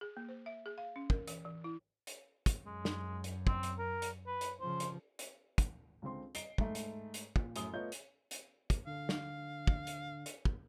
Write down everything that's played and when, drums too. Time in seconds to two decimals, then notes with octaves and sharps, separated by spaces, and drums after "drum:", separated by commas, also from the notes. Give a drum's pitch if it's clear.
0.01 G#4
0.17 A#3
0.29 C5
0.46 E5
0.66 G#4
0.78 F5
0.96 C#4
1.10 A#4, drum: kick
1.28 E3, drum: hi-hat
1.45 E3
1.64 E4
2.07 drum: hi-hat
2.46 drum: kick, hi-hat
2.66 F#2 G#3
2.85 drum: snare
3.24 drum: hi-hat
3.47 C4, drum: kick
3.63 drum: hi-hat
3.78 A#4
4.02 drum: hi-hat
4.27 B4
4.41 drum: hi-hat
4.61 C#3 F3 C5
4.80 drum: hi-hat
5.19 drum: hi-hat
5.58 drum: kick, hi-hat
6.02 C#2 D3 C4 C6
6.35 D#5 C7 D7 G7, drum: hi-hat
6.58 G#2 A3, drum: kick
6.75 drum: hi-hat
7.14 drum: hi-hat
7.36 A#2, drum: kick
7.56 F#2 A2 D#6 G7, drum: hi-hat
7.73 A3 B3 F4 C#5 D#5 G6
7.92 drum: hi-hat
8.31 drum: hi-hat
8.70 drum: kick, hi-hat
8.86 D3 F5
9.09 drum: snare
9.67 drum: kick
9.87 drum: hi-hat
10.26 drum: hi-hat
10.45 drum: kick